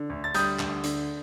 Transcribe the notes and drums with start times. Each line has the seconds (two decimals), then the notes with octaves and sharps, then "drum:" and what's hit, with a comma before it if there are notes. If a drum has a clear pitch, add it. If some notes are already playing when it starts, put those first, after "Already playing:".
Already playing: D3
0.10 D2
0.24 A6
0.34 G3 D#6 G6, drum: hi-hat
0.59 D2, drum: clap
0.84 D3, drum: hi-hat